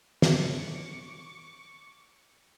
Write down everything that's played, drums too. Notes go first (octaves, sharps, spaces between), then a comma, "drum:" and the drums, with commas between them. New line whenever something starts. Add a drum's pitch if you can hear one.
C#6 D6, drum: snare